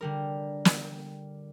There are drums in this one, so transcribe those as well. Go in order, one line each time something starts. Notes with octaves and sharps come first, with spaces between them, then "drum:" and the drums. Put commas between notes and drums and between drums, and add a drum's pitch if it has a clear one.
D3 G3 A#4
drum: snare